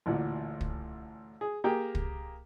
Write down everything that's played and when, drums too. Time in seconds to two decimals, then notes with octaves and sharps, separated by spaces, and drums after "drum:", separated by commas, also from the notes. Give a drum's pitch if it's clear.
0.06 A1 D2 A#2
0.61 drum: kick
1.41 G#4
1.64 A#3 G4 G#4 G5
1.95 drum: kick